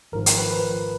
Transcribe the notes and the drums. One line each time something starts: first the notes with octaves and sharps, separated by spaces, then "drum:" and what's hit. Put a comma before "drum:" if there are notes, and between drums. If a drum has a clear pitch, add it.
G#1 G#2 F3 A#4
A#4, drum: hi-hat
B4
F3 B4